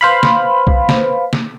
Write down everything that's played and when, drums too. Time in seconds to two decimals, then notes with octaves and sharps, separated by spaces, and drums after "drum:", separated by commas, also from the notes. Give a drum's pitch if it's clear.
0.01 B4 C5 F5 B5
0.23 drum: snare
0.67 drum: kick
0.89 drum: snare
1.33 drum: snare